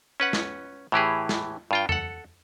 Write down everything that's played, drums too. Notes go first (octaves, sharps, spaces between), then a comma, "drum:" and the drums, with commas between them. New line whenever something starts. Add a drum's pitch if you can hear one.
C#4 B4 F#5
drum: snare
A2 E3 G4 G#4
drum: snare
G2 F4 G5
A4 F#5, drum: tom F2